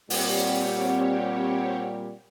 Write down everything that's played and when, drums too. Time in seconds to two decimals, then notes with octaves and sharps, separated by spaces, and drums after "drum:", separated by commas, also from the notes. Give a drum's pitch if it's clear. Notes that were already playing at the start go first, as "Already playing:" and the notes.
0.10 A#2 G3 C4 G4 C#5 F#5, drum: open hi-hat